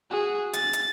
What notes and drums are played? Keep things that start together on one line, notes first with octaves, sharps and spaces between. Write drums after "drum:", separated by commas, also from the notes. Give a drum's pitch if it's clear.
F#4 G#4
A6, drum: hi-hat
drum: hi-hat